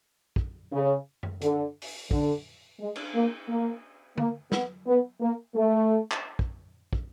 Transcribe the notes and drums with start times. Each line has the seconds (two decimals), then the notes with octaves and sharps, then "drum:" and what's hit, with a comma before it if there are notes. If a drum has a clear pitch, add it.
0.36 drum: kick
0.72 C#3
1.23 drum: tom F#2
1.42 D3, drum: hi-hat
1.82 drum: open hi-hat
2.11 D3, drum: kick
2.80 G#3
2.96 drum: cymbal
3.14 A#3
3.49 A#3
4.18 A#3, drum: tom D3
4.52 B3, drum: snare
4.87 B3
5.21 A#3
5.55 A3
6.11 drum: clap
6.39 drum: kick
6.93 drum: kick